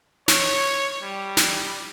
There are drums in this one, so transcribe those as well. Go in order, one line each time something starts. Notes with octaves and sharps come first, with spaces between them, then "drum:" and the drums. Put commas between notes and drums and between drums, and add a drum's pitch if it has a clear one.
C#5, drum: snare
G3
drum: snare